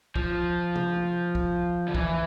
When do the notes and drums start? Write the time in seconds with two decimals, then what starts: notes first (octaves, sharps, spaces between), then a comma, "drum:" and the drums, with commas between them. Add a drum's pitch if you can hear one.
0.16 F3, drum: kick
0.75 drum: tom C3
1.35 drum: kick
1.88 D3
1.95 E3, drum: kick